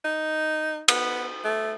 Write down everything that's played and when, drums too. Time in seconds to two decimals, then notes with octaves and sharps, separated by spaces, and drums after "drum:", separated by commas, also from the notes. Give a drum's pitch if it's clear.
0.04 D#4
0.88 B3, drum: cymbal
1.44 A3